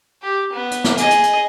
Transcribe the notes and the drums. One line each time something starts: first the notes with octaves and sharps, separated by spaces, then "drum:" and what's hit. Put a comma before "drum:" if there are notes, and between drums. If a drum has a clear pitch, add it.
G4
B3
drum: hi-hat
drum: snare
G#4 D#5, drum: hi-hat
drum: hi-hat
drum: hi-hat